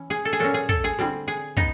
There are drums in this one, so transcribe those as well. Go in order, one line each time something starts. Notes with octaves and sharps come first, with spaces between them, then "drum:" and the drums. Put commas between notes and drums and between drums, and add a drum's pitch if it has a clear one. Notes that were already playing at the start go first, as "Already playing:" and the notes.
Already playing: E3 C#4
G#4, drum: hi-hat
A4
G#4
A#2 F#3 A#3 C#4 A4
G#4
A4, drum: kick, hi-hat
G#4
D3 G3 C4, drum: snare
G#4, drum: hi-hat
B3 D#4, drum: kick